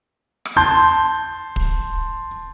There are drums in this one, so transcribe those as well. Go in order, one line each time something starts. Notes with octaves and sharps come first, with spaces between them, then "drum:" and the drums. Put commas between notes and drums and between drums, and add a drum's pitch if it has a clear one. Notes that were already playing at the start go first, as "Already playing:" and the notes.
drum: rim click
A5 C6 G6
drum: kick